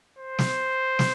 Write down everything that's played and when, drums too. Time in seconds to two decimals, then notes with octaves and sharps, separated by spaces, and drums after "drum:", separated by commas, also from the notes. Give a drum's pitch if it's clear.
0.19 C5
0.39 drum: snare
0.99 drum: snare